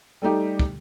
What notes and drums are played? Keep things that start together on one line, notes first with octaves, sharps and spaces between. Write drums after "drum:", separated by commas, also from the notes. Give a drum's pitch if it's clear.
G3 A3 D#4 G4
drum: kick